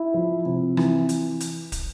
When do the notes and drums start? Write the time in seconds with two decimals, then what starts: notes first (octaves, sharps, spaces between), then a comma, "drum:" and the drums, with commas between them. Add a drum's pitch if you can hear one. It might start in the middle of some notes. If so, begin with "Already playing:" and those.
Already playing: E4
0.14 F3
0.46 C3
0.77 E3, drum: rim click
1.09 drum: hi-hat
1.40 drum: hi-hat
1.72 drum: kick, hi-hat